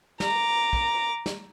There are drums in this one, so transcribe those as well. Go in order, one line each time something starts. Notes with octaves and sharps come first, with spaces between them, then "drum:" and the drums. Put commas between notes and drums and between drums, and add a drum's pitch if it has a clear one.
A#5 D6, drum: snare
drum: kick
drum: snare